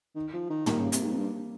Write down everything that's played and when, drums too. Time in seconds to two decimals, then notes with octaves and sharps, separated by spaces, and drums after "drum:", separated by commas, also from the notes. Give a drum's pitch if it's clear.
0.15 D#3
0.33 F3
0.50 D#3
0.66 D#3 G3 A#3, drum: tom
0.80 C#3
0.92 C3, drum: hi-hat
1.04 G#2
1.12 F2
1.17 G2